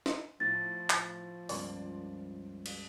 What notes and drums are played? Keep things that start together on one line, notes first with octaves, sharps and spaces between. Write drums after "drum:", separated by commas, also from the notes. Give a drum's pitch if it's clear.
drum: snare
A2 F3 A6
drum: clap
C#2 G2 A#3 D5 C6, drum: open hi-hat
drum: cymbal